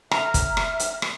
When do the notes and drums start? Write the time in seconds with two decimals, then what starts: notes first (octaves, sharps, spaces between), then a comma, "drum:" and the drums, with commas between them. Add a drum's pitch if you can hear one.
0.11 E5 A#5 F6, drum: rim click
0.34 drum: kick, hi-hat
0.57 drum: rim click
0.80 drum: hi-hat
1.02 drum: rim click